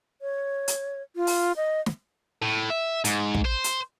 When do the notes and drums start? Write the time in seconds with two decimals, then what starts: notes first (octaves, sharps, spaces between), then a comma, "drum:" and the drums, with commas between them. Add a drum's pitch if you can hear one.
0.22 C#5
0.68 drum: hi-hat
1.16 F4
1.27 drum: open hi-hat
1.57 D#5
1.86 drum: snare
2.42 A2
2.70 E5
3.05 G#2, drum: hi-hat
3.34 drum: kick
3.45 C5
3.64 drum: hi-hat